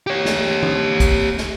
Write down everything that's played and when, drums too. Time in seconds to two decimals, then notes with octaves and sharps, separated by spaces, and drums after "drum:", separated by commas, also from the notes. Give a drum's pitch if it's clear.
0.07 G4 C#5
0.25 drum: snare
0.63 drum: tom
1.00 drum: kick, hi-hat
1.37 drum: snare